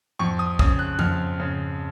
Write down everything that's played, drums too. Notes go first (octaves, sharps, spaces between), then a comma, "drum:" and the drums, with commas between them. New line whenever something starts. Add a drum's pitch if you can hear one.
F2 C#6
D#6
C#3 D#6, drum: kick
F#6
F2 F6, drum: tom F#2
C#3